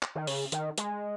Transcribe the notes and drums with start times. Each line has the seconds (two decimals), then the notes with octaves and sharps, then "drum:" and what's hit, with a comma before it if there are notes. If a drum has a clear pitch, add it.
0.02 drum: clap
0.15 D#3
0.27 C#3, drum: open hi-hat
0.52 D#3, drum: hi-hat
0.78 G#3, drum: hi-hat